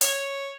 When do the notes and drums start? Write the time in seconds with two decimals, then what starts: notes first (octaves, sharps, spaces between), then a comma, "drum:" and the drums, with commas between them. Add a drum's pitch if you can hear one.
0.01 C#5, drum: hi-hat